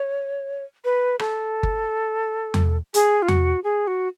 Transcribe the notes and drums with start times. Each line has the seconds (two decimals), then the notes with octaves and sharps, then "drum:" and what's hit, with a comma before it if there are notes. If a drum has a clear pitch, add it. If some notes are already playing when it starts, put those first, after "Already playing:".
Already playing: C#5
0.84 B4
1.19 A4, drum: rim click
1.63 drum: kick G1
2.54 drum: tom E2
2.94 G#4, drum: hi-hat
3.22 F4
3.28 F#4, drum: tom E2
3.64 G#4
3.87 F#4